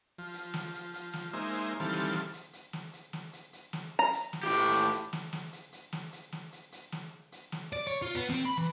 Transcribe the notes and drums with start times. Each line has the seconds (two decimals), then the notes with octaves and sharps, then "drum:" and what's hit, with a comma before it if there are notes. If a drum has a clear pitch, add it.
0.18 F3
0.34 drum: hi-hat
0.54 drum: snare
0.74 drum: hi-hat
0.94 drum: hi-hat
1.13 drum: snare
1.33 G#3 A#3 D#4 C5 E5
1.53 drum: hi-hat
1.80 D#3 E3 G3 C4 A4 F5
1.93 drum: snare
2.13 drum: snare
2.33 drum: hi-hat
2.53 drum: hi-hat
2.73 drum: snare
2.93 drum: hi-hat
3.13 drum: snare
3.33 drum: hi-hat
3.53 drum: hi-hat
3.73 drum: snare
3.99 A#5
4.13 drum: hi-hat
4.33 drum: snare
4.43 A2 G4
4.73 drum: hi-hat
4.93 drum: hi-hat
5.13 drum: snare
5.33 drum: snare
5.53 drum: hi-hat
5.73 drum: hi-hat
5.92 drum: snare
6.12 drum: hi-hat
6.32 drum: snare
6.52 drum: hi-hat
6.72 drum: hi-hat
6.92 drum: snare
7.32 drum: hi-hat
7.52 drum: snare
7.73 D5
7.87 C#5
8.02 F4
8.15 B3, drum: hi-hat
8.30 C4, drum: snare
8.46 B5
8.58 E3